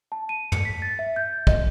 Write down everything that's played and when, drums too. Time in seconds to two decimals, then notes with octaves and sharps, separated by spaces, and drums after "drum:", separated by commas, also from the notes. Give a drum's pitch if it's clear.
0.12 A5
0.29 D#7
0.52 C#7, drum: tom
0.65 B6
0.82 A6
0.99 E5
1.16 G6
1.47 D#5, drum: kick